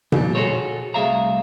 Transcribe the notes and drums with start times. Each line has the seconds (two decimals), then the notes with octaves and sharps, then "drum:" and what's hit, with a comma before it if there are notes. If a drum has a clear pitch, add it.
0.12 F2 A#2 G3, drum: tom B2
0.35 F#4 G#4 A4 C5 C#5
0.94 C2 A3 G#4 E5 F5 A#5